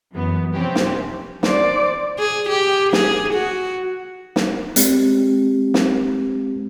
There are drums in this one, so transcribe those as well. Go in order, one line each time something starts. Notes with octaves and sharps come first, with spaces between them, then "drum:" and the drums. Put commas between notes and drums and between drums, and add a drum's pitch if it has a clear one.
F#2 E3 B3
C3 F3 C4 C#4 G4
drum: snare
C5 D5, drum: snare
G#4
G4
G#4, drum: snare
F#4
drum: snare
G#3 C4 G4, drum: hi-hat
drum: snare